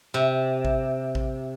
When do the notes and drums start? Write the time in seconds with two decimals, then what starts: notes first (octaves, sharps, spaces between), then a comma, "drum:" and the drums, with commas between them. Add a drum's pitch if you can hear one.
0.14 C3
0.65 drum: kick
1.15 drum: kick